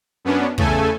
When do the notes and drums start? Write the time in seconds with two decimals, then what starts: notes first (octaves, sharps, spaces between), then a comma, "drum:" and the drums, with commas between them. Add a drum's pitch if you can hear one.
0.25 F#2 B3 C#4 D4
0.58 E2 C#3 A3 A4 G#5, drum: kick